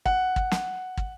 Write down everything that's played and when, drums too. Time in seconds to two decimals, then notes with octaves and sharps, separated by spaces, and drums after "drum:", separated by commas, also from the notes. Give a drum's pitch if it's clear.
0.06 F#5, drum: kick
0.36 drum: kick
0.51 drum: snare
0.97 drum: kick